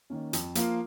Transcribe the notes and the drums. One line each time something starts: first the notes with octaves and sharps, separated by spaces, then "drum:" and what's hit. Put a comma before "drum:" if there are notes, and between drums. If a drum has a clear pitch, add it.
D#3 A#3 C#4
F2, drum: hi-hat
F3 A#3 F4, drum: hi-hat